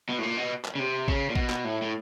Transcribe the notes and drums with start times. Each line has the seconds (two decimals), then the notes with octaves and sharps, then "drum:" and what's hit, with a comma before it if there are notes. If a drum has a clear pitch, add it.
0.09 B2
0.19 A2
0.23 A#2
0.37 B2
0.65 drum: clap
0.75 C#3
0.79 C3
1.08 C#3, drum: kick
1.30 A#2
1.35 B2, drum: kick
1.50 drum: clap
1.64 A2
1.82 A2